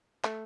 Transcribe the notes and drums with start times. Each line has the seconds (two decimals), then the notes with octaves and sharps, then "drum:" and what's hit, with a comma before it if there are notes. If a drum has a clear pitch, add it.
0.24 A3, drum: clap